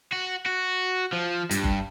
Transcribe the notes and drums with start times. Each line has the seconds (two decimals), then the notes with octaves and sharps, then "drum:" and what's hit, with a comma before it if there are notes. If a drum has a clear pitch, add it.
0.12 F#4
0.46 F#4
1.13 F3
1.51 G2, drum: hi-hat
1.64 drum: kick F#1